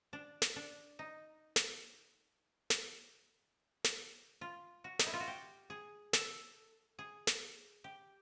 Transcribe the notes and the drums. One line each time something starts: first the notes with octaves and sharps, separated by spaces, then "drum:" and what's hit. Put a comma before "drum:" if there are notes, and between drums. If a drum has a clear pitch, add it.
D4
drum: snare
D4
D#4
drum: snare
drum: snare
drum: snare
F4
F#4
D#4, drum: snare
E4
F4
F#4
G4
G#4
A4, drum: snare
G#4
drum: snare
G4